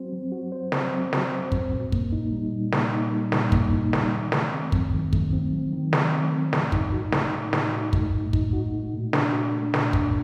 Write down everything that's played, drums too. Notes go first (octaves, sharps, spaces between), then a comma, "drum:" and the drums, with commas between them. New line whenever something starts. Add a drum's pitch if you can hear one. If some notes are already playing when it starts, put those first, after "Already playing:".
Already playing: F#3 C4 F#4 C5
F#3
F#4
C5
C4, drum: snare
F#3
F#4, drum: snare
C5
C4, drum: kick
A#2
A#3, drum: kick
D#4
G3
A#2
A#3, drum: snare
D#4
G3
A#2, drum: snare
A#3, drum: kick
D#4
G3, drum: snare
D#3
A3, drum: snare
C4
F#3, drum: kick
D#3
A3, drum: kick
C4
F#3
D#3
A3, drum: snare
C4
F#3
A2, drum: snare
D#4, drum: kick
F#4
A3, drum: snare
A2
D#4, drum: snare
F#4
A3, drum: kick
A2
D#4, drum: kick
F#4
A3
A#2
D4, drum: snare
F#4
A3
A#2, drum: snare
D4, drum: kick